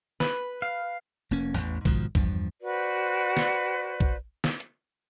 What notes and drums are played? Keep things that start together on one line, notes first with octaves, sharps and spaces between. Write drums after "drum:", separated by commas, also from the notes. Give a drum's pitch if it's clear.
B4, drum: snare
F5
F1 A#3 C#4
A1 E2
G#2 B2 D#3 F3, drum: kick A#1
E2 G2 F3, drum: kick A#1
F#4 B4 C5 D5
drum: snare
drum: kick A#1
drum: snare
drum: hi-hat